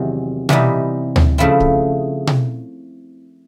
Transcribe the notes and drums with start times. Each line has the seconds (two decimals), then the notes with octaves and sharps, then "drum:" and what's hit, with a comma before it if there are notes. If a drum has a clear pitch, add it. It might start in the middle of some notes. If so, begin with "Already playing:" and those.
Already playing: E2 C3 D#3 F#3
0.49 C3 E3 G3 B3 D#4, drum: tom B2
1.16 drum: tom D2
1.38 C#3 F3 A3 C4 E4
1.60 drum: kick
2.27 drum: tom B2